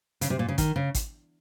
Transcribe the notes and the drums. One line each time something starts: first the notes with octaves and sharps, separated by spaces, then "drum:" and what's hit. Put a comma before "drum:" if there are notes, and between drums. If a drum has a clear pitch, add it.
C#3, drum: hi-hat
C3
A#2
C#3
D#3, drum: kick G#1, hi-hat
C#3
drum: kick G#1, hi-hat